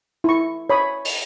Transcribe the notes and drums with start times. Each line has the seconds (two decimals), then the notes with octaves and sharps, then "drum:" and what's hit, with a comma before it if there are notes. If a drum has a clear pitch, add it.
0.24 E4 C#6
0.70 C#5 B5 D#6
1.05 drum: open hi-hat